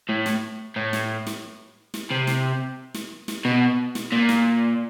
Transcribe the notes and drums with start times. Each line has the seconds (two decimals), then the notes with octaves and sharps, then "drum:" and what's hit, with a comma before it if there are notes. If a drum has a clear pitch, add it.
0.09 A2
0.26 drum: snare
0.76 A2
0.93 drum: snare
1.27 drum: snare
1.94 drum: snare
2.11 C3
2.27 drum: snare
2.95 drum: snare
3.28 drum: snare
3.45 B2
3.95 drum: snare
4.12 A#2
4.29 drum: snare